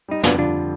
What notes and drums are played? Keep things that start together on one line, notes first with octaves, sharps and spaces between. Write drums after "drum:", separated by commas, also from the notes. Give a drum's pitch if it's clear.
G3 D#4
F2 B3 D4, drum: snare
D3 D4 F4